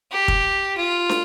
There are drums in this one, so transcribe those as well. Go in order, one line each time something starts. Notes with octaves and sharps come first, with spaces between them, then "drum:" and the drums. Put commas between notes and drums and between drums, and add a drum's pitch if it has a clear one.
G4
drum: kick
F4
drum: snare